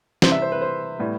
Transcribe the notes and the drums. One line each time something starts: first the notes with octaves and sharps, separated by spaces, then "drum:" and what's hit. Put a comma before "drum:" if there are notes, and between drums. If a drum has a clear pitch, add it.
C3 E3 G3 C5, drum: snare
E5
C5
B4
C5
A2 G3 B3